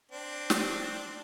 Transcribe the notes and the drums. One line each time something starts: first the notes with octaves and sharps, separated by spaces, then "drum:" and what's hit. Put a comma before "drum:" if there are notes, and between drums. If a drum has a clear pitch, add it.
C4 D4
drum: snare